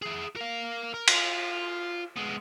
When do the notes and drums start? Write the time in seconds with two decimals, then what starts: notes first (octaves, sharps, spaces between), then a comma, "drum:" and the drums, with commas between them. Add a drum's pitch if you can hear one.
0.02 E4 G#4
0.36 A#4 F5
0.94 A#4
1.08 F4, drum: cymbal
2.16 G#3 B3